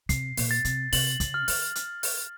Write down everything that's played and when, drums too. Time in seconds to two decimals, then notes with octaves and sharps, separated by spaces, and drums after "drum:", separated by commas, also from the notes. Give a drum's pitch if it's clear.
0.09 C3 C7, drum: kick, hi-hat
0.37 A#2, drum: open hi-hat
0.51 A6
0.65 C3, drum: hi-hat
0.93 C3 F#7, drum: open hi-hat
1.20 C#3, drum: kick, hi-hat
1.34 F6
1.48 D#3, drum: open hi-hat
1.75 drum: hi-hat
2.03 drum: open hi-hat